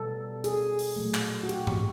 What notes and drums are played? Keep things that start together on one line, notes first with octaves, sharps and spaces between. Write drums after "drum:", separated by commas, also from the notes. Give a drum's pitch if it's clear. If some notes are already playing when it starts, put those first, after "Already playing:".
Already playing: B2 G3 B3 A4
G#4, drum: hi-hat
drum: open hi-hat
A#2 F#3 A3
drum: clap
F#4
G4, drum: hi-hat
drum: tom G#2